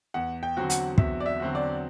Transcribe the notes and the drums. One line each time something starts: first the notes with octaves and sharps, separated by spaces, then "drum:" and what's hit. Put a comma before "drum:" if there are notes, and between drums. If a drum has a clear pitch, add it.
E2 F#5
G5
D3 F#3 C4 F#4
F#5, drum: hi-hat
E2 E5, drum: kick
D5
E5
D3 F#3 C4 F#4
D5